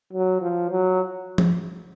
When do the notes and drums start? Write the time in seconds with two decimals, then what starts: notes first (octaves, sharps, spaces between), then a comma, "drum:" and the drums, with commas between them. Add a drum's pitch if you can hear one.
0.13 F#3
0.42 F3
0.71 F#3
1.38 drum: tom F3